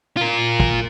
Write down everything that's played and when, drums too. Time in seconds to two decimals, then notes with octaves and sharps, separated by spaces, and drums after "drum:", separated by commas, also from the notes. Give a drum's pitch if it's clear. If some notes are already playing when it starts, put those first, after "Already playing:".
0.17 F4 A#4
0.60 drum: kick